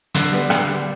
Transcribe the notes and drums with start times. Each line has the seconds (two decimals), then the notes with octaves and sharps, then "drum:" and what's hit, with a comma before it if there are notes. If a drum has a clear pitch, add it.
0.15 D3, drum: hi-hat
0.32 G3 B3
0.50 D3, drum: rim click
0.69 G3 B3